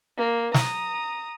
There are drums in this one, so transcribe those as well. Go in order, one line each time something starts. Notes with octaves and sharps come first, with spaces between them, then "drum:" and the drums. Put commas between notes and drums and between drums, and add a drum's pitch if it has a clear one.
A#3
A#5 D#6, drum: snare